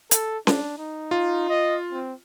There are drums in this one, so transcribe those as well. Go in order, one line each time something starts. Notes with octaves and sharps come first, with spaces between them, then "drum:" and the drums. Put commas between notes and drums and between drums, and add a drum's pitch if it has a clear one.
A4, drum: hi-hat
D4, drum: snare C#4
D#4
F4
D#5
C4